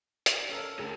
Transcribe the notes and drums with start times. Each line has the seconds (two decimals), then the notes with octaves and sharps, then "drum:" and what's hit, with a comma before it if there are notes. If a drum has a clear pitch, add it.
0.26 drum: hi-hat
0.49 C#4 A4 A#4
0.79 D2 G#4 A#4